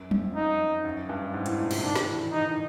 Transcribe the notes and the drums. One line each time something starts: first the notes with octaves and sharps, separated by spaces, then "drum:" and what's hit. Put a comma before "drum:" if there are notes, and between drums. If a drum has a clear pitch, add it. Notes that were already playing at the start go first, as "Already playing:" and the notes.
Already playing: F#2
F2, drum: tom F#3
D#4
F#2
G2
G#2
A2, drum: hi-hat
A#2
C3, drum: cymbal
D#3 D4
drum: snare
E3
E3 D#4
D3